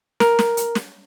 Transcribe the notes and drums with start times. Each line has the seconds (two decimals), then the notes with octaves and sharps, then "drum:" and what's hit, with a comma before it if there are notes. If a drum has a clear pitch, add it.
0.20 A#4, drum: snare
0.39 drum: snare
0.57 drum: hi-hat
0.75 drum: snare